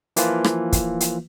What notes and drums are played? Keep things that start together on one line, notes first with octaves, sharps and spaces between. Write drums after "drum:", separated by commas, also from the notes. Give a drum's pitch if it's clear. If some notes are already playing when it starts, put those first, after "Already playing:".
E3 F3 A#3 F4 B4, drum: hi-hat
drum: rim click
drum: kick, hi-hat
drum: hi-hat